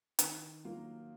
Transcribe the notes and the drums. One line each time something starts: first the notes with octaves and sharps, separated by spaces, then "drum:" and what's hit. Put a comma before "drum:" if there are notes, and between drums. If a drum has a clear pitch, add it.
D#3, drum: hi-hat
F#3 A#3 F4 A#4